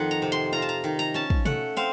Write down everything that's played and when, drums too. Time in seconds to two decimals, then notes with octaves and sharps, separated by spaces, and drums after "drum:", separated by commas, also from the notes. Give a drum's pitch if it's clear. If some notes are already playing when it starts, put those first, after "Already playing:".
Already playing: F2 D#3 F#5
0.11 A#5
0.22 C3
0.32 C6
0.52 F4 A#5
0.62 A5
0.69 A#5
0.84 D#3
0.99 A#5
1.14 C#4 A5
1.30 drum: kick
1.45 A3 F#5, drum: tom B2
1.77 C4 F5